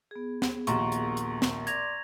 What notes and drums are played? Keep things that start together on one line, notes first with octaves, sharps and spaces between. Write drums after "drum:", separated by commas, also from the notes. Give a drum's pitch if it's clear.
B3 G#4
drum: snare
A#1 D#2 F#4 A#5 C6 C#6, drum: hi-hat
drum: hi-hat
drum: hi-hat
drum: snare
D5 C6 D6 G#6 A#6 F7, drum: hi-hat